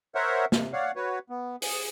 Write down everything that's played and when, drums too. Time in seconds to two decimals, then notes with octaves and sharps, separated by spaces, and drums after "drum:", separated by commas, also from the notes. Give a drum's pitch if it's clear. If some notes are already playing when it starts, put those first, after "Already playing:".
0.15 A#4 C5 C#5 E5 F#5
0.52 C3, drum: snare
0.73 C#5 D5 F5 F#5
0.96 F#4 B4 C#5
1.30 B3
1.62 G#4, drum: open hi-hat